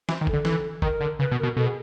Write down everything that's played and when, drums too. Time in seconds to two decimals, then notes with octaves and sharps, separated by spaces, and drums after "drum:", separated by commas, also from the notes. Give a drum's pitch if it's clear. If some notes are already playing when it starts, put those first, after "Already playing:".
0.09 E3 C5, drum: snare
0.21 D#3
0.27 A4, drum: kick
0.33 D3
0.45 E3, drum: snare
0.82 D#3 A#4, drum: kick
1.01 D3
1.19 C#3 B4
1.31 B2
1.38 A#4
1.43 B2
1.56 B2 A4
1.66 G#4